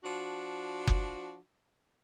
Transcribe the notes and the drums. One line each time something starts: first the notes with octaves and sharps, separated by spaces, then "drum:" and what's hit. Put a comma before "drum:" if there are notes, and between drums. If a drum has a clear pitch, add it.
F3 D4 F#4
drum: kick F#1